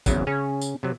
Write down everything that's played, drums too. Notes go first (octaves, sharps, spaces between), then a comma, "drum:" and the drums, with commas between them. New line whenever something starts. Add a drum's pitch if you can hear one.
G#1 E2 C#3 F#3, drum: kick G#1, tambourine
C#3 C#4
drum: tambourine
C3 F#3